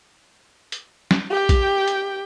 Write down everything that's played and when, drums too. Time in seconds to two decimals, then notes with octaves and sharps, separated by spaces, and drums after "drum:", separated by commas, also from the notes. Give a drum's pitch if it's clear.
0.72 drum: hi-hat
1.11 drum: snare
1.30 G4 G5
1.49 drum: kick A#1, hi-hat
1.88 drum: hi-hat